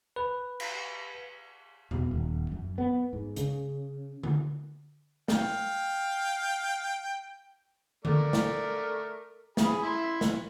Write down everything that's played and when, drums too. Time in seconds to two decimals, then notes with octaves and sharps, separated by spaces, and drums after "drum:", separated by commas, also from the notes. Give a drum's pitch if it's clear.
0.16 B4
0.60 drum: cymbal
1.91 B2, drum: tom E2
2.11 D#1
2.52 F#2
2.78 B3
3.13 G#2
3.36 C#3, drum: hi-hat
4.23 drum: tom D3
5.28 F5 G5, drum: snare
8.05 A3 A#4 D5, drum: tom D3
8.33 drum: snare
9.57 G#4 B5, drum: snare
9.83 E4 E5 C6
10.21 drum: snare